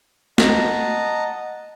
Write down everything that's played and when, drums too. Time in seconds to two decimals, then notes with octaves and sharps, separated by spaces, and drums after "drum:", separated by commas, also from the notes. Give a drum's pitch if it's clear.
0.38 D#5 F#5 A5 A#5, drum: snare